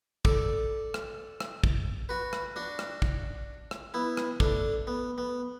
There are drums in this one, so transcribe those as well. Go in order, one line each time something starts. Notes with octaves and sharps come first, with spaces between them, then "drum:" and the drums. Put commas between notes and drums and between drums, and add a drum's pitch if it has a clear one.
A4 D5, drum: kick
drum: rim click
drum: rim click
drum: kick
F#4 B4
drum: rim click
D4 F#4
drum: rim click
drum: kick
drum: rim click
B3 E4
drum: rim click
A3 D4, drum: kick
B3
B3